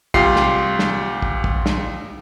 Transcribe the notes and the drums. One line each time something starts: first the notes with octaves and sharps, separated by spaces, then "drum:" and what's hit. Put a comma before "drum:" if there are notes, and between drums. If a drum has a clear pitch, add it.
C2 F4 G4 C7, drum: kick
drum: snare
drum: snare
drum: kick
drum: kick
drum: snare